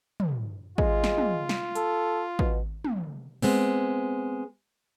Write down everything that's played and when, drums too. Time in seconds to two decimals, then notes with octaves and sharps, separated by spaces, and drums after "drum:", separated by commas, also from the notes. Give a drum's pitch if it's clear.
0.20 drum: tom
0.78 G#3 F4, drum: kick
1.04 drum: snare
1.18 drum: tom
1.49 drum: snare
1.75 A4, drum: hi-hat
2.39 B2, drum: kick
2.85 drum: tom
3.42 G#3 B3 C4, drum: open hi-hat